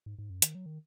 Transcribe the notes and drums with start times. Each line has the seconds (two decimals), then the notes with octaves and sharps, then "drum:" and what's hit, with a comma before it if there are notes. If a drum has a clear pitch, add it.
0.06 G#2
0.19 G#2
0.30 F#2
0.42 D#3, drum: hi-hat
0.55 F#3
0.66 D#3